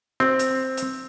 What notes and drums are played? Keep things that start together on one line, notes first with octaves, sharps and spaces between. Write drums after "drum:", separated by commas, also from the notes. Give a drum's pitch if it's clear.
C4, drum: snare
drum: hi-hat
drum: hi-hat